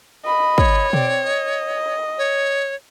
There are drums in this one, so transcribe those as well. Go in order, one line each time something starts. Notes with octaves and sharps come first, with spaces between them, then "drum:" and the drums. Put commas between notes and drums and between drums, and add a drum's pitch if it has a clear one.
D#5 B5
C#5, drum: kick
C4 D5, drum: tom B2
D#5
C#5